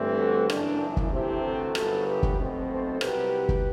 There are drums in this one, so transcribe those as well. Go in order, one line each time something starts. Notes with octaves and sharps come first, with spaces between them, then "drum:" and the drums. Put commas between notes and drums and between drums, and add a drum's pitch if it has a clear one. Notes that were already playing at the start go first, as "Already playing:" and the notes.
Already playing: G1 G2 E3 A3 C4
F#4 A4
F#1 F#2 E3 D4, drum: rim click
E4
drum: kick
D2 C3 E3 A3 C4 E4 G4
F#4 A4
G1 F#2 F#3 B3, drum: rim click
G4 B4
drum: kick
B1 B2 A3 C4
A4 C5
C2 C3 F#3 G4 B4, drum: rim click
drum: kick